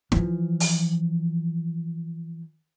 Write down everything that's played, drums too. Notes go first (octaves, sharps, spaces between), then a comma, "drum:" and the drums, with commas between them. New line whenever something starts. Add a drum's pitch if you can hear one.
E3 F3, drum: snare
drum: open hi-hat